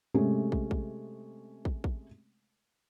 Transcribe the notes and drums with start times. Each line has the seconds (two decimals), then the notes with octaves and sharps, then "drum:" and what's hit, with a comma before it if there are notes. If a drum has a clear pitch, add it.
0.14 C3 G#3 A3 C#4 G4
0.52 drum: kick
0.71 drum: kick
1.65 drum: kick
1.84 drum: kick